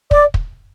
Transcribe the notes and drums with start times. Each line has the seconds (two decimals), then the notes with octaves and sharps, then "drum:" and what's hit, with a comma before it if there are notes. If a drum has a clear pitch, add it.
0.11 D5, drum: kick
0.34 drum: kick